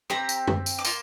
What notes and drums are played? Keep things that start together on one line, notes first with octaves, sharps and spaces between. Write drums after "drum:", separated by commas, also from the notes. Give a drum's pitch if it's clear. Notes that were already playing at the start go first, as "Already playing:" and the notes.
C4 G4 A#5, drum: rim click
drum: tambourine
drum: tom
drum: tambourine
D6
A#3 F4 C6, drum: tambourine